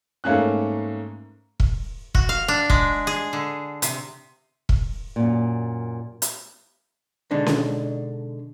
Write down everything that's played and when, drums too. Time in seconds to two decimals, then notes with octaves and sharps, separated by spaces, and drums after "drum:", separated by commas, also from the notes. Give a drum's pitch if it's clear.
0.24 G#2 A3 A#3 C#4 F#6
1.60 drum: kick
2.15 F#4, drum: kick
2.29 F5
2.48 D4
2.70 G#3, drum: kick
3.07 G#4
3.33 D3
3.82 C3, drum: hi-hat
4.69 drum: kick
5.16 F#2 A#2
6.22 drum: hi-hat
7.31 B2 D3 G#3 D4 D#4
7.46 drum: snare C#4